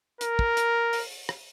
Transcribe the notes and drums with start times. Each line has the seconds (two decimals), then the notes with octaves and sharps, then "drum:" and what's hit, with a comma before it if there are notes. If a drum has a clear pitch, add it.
0.21 A#4, drum: hi-hat
0.39 drum: kick
0.57 drum: hi-hat
0.93 drum: open hi-hat
1.29 drum: rim click